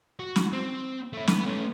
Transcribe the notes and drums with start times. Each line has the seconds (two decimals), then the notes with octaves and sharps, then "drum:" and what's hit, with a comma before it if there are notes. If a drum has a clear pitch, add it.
0.20 F#4
0.36 drum: snare
0.53 C4
1.13 A3 E4
1.27 B3, drum: snare
1.45 A3 C#4